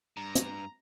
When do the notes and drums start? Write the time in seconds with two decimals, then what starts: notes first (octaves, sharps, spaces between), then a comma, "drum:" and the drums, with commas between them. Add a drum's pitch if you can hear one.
0.17 G2 A#5
0.35 drum: hi-hat